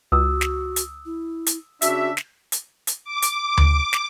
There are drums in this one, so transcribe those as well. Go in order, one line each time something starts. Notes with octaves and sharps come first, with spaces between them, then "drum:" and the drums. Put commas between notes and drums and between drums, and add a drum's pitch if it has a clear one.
C#2 F#4 D#6 E6
drum: snare
drum: hi-hat
E4
drum: hi-hat
C#3 D4 F#4 E5, drum: hi-hat
drum: snare
drum: hi-hat
drum: hi-hat
D6
drum: hi-hat
drum: tom D2
drum: snare